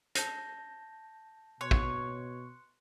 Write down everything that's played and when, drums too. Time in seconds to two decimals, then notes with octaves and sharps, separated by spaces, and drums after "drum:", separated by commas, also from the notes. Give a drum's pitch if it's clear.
0.15 A5 G6 A#6, drum: hi-hat
1.61 B2 C#5 C6 F#6 C#7
1.71 drum: kick A1